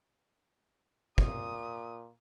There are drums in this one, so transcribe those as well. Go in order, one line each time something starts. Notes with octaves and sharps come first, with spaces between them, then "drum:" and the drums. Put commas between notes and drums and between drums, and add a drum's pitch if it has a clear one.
A#2 D#6, drum: kick